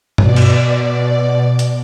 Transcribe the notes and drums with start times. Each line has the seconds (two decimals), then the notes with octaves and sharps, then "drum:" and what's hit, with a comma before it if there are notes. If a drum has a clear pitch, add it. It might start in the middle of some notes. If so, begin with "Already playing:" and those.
0.18 B2 D5, drum: tom G2
0.36 drum: cymbal
1.59 drum: hi-hat